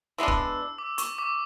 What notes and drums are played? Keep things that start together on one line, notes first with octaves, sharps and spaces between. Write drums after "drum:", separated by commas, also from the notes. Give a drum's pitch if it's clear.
E3 G#3 B3 D4 E6
drum: kick
D6
C#6, drum: hi-hat
D6